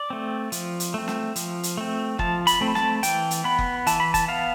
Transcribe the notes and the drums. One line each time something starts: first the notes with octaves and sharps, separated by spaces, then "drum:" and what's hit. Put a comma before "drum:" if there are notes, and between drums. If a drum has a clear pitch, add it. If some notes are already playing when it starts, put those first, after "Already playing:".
Already playing: D5
A3 C4
F3, drum: hi-hat
drum: hi-hat
A3 C4
drum: snare
F3, drum: hi-hat
drum: hi-hat
A3 C4
F3 A5, drum: kick F#1
B5, drum: hi-hat
A3 C4
A5, drum: snare
E3 G5, drum: hi-hat
drum: hi-hat
B3 B5
drum: kick F#1
E3 A5, drum: hi-hat
B5
A5, drum: kick F#1, hi-hat
B3 F5